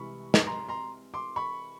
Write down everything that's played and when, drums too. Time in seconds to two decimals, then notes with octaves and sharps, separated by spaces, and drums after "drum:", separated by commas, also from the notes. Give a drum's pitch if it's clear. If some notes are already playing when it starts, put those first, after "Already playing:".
Already playing: C2 C3 E3 G#3 B5 C#6
0.34 drum: snare
0.47 A#5 C6
0.68 A#5 C6
1.14 C6 D6
1.36 B5 C#6